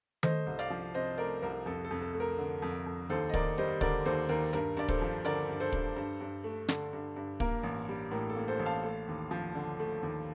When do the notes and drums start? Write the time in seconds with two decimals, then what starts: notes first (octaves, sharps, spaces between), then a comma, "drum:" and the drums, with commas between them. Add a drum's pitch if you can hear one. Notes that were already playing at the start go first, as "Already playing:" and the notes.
0.23 A3 C5 D#5, drum: tom D#3
0.46 C2
0.59 D5 F5, drum: hi-hat
0.70 F3
0.94 C3 C5 D#5
1.18 A3 A#4 D5
1.42 C2 A#4
1.66 F2 A4
1.85 A4
1.91 F2
2.02 A4
2.14 A3
2.20 A#4
2.39 D3
2.62 F2
2.86 F2
3.10 D#2 A4 C5
3.29 D#5
3.34 D#2 A#4 D5, drum: kick
3.58 G3 C5 D#5
3.81 D3 A#4 D5, drum: kick
4.05 D#2 A4 C5
4.29 D#2 A#4
4.53 G2 A#4, drum: hi-hat
4.77 G2 D5
4.88 A4 C5, drum: kick
5.01 F3
5.25 D3 A#4 D5, drum: hi-hat
5.49 G2
5.60 A4 C5
5.72 G2, drum: kick
5.96 G2
6.21 G2
6.44 A3
6.68 D3, drum: snare
6.93 G2
7.16 G2
7.40 A#3 A#4, drum: kick
7.63 A1
7.89 G3
8.11 A2 A#4
8.30 A4
8.36 A#3
8.48 A4 C5
8.59 A1
8.66 F5 A5
8.84 A3
9.08 D#2
9.31 F3
9.55 D3
9.79 A3
10.03 D#2